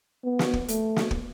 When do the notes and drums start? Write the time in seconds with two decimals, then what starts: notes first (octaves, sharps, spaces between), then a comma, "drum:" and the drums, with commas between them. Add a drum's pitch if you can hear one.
0.24 B3
0.39 drum: snare
0.53 drum: kick
0.68 A3, drum: hi-hat
0.96 drum: snare
1.11 drum: kick